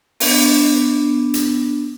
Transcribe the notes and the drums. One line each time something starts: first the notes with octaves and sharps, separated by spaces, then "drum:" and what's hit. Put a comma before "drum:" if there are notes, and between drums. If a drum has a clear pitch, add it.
B3 D4, drum: open hi-hat
drum: hi-hat